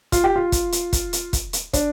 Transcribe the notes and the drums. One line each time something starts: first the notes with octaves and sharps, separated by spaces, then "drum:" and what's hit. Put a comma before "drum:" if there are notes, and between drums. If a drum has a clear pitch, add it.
F4, drum: kick, hi-hat
G4
F4
drum: kick, hi-hat
drum: hi-hat
drum: kick, hi-hat
drum: hi-hat
drum: kick, hi-hat
drum: hi-hat
D4, drum: kick, hi-hat